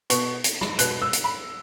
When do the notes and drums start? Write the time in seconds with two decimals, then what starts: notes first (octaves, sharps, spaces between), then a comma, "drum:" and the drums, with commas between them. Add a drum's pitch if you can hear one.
0.10 B2 B3 C#6, drum: hi-hat
0.44 drum: hi-hat
0.61 drum: rim click
0.79 B2 B3 F#6, drum: hi-hat
1.02 E6
1.13 drum: hi-hat
1.24 B5